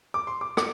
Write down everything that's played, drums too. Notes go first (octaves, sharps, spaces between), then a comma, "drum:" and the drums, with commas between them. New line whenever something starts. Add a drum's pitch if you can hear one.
D6
C6
D6
D6, drum: rim click